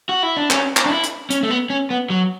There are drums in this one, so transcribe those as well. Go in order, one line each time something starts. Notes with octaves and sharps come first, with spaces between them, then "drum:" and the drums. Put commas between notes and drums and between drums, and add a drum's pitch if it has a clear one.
F#4
E4
D4
C#4, drum: clap
drum: clap
D4
E4
drum: hi-hat
C#4, drum: hi-hat
A3
B3
C#4
B3
F#3